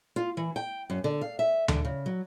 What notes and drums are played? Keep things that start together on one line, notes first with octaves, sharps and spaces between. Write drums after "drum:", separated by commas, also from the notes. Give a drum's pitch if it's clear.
F4
E3
G5
F#2
D3
F5
E5
D3, drum: tom D2
C#3
F#3